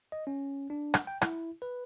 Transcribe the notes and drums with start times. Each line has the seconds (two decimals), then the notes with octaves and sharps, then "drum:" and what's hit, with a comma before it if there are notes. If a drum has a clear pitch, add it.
0.12 D#5
0.27 C#4
0.70 D4
0.94 drum: rim click
1.07 G5
1.21 E4, drum: rim click
1.62 B4